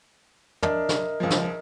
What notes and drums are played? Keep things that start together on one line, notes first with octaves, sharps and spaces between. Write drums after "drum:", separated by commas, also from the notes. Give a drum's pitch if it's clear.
D4 A#4 D#5 E5, drum: tom
drum: snare
C#2 F3
drum: snare